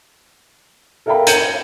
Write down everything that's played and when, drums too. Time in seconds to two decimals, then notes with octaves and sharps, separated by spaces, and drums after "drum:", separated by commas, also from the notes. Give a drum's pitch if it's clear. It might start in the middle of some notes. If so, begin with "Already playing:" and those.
1.06 A4 A#4 E5 F5 G5 B5
1.27 G6 G#6 C#7 D#7 E7 F#7, drum: hi-hat